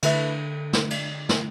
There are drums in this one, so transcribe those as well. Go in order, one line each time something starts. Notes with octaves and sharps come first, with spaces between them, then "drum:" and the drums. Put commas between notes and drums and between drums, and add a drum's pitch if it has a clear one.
D3 A3 E4 B4 E5, drum: cymbal
drum: snare
drum: cymbal
drum: snare